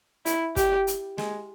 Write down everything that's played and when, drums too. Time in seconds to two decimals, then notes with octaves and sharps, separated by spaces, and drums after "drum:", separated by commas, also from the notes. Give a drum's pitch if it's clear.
0.26 E4, drum: hi-hat
0.56 G4, drum: kick, hi-hat
0.87 drum: hi-hat
1.18 G#3, drum: snare